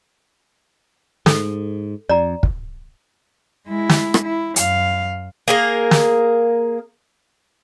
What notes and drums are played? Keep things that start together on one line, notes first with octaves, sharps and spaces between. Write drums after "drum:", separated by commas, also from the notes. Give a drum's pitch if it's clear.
G#2 A4, drum: snare
F2 D5 A#5
drum: kick
G#3 E4
drum: snare
drum: rim click
E4
F#2 F5, drum: hi-hat
A#3 G#4 A#4
drum: snare